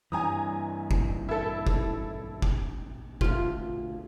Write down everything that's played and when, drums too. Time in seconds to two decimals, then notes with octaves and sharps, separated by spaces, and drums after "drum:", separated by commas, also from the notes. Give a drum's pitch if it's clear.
0.12 G2 E3 G#5 A#5 D#6
0.91 drum: kick
1.29 E4 A4
1.67 drum: kick
2.42 drum: kick
3.21 D2 F4, drum: kick